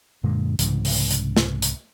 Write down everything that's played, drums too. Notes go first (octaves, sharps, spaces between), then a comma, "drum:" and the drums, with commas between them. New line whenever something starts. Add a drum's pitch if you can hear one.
F#2 A#2 D3 G#3
C2 G#2 C#3 E3, drum: hi-hat
drum: open hi-hat
drum: hi-hat
drum: snare
drum: hi-hat